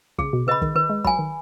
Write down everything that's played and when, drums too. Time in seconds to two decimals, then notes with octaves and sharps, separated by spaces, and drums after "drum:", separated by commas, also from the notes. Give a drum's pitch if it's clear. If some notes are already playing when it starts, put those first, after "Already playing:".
0.18 C#3 G#4, drum: kick
0.33 B2
0.47 C#3 B4 D#5 B5
0.62 D#3, drum: kick
0.75 D#3 B4
0.90 G#3
1.04 F#3 G#5 B5, drum: kick
1.19 D#3